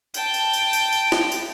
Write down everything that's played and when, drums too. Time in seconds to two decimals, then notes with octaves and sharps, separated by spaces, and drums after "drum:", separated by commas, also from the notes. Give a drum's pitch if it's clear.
0.14 G5 A5, drum: tambourine
0.34 drum: tambourine
0.53 drum: tambourine
0.73 drum: tambourine
0.93 drum: tambourine
1.12 drum: snare
1.32 drum: tambourine